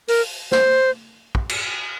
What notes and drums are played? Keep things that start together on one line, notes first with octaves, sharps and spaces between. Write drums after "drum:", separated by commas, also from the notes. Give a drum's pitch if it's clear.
A#4, drum: open hi-hat
C5, drum: snare
drum: kick
drum: cymbal